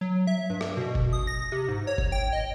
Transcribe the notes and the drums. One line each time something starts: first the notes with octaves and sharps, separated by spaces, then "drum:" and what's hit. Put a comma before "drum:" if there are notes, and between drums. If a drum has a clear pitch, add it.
F#3
E5
G2
drum: rim click
B2
drum: kick F#1
D#6
A#6
C3
G#2
C#5
drum: kick F#1
G5
D#5